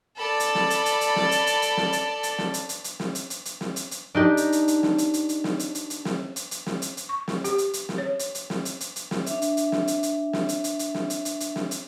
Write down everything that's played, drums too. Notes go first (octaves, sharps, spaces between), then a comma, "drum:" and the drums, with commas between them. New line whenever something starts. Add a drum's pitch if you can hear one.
A4 D5 A5 B5
drum: hi-hat
drum: snare
drum: hi-hat
drum: hi-hat
drum: hi-hat
drum: snare
drum: hi-hat
drum: hi-hat
drum: hi-hat
drum: snare
drum: hi-hat
drum: hi-hat
drum: snare
drum: hi-hat
drum: hi-hat
drum: hi-hat
drum: snare
drum: hi-hat
drum: hi-hat
drum: hi-hat
drum: snare
drum: hi-hat
drum: hi-hat
D4 D#4 G4
drum: hi-hat
drum: hi-hat
drum: hi-hat
drum: snare
drum: hi-hat
drum: hi-hat
drum: hi-hat
drum: snare
drum: hi-hat
drum: hi-hat
drum: hi-hat
drum: snare
drum: hi-hat
drum: hi-hat
drum: snare
drum: hi-hat
drum: hi-hat
C#6
drum: snare
G4, drum: hi-hat
drum: hi-hat
drum: hi-hat
drum: snare
C#5
drum: hi-hat
drum: hi-hat
drum: snare
drum: hi-hat
drum: hi-hat
drum: hi-hat
drum: snare
D4 E5, drum: hi-hat
drum: hi-hat
drum: hi-hat
drum: snare
drum: hi-hat
drum: hi-hat
drum: snare
drum: hi-hat
drum: hi-hat
drum: hi-hat
drum: snare
drum: hi-hat
drum: hi-hat
drum: hi-hat
drum: snare
drum: hi-hat